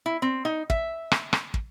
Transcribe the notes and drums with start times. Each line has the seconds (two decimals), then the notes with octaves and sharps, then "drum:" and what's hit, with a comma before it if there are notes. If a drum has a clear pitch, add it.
0.06 E4
0.22 C4
0.45 D#4
0.70 E5, drum: kick
1.12 drum: rim click
1.33 drum: rim click
1.54 drum: kick